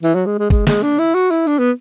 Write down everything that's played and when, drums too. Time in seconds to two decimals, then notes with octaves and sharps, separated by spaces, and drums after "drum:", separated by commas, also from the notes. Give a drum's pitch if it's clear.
0.03 E3, drum: tambourine
0.15 F#3
0.26 G#3
0.39 G#3
0.50 G#3, drum: kick G1, tambourine
0.67 G#3, drum: snare
0.82 D4, drum: tambourine
0.99 E4, drum: tambourine
1.14 F#4, drum: tambourine
1.31 E4, drum: tambourine
1.47 D4, drum: tambourine
1.59 B3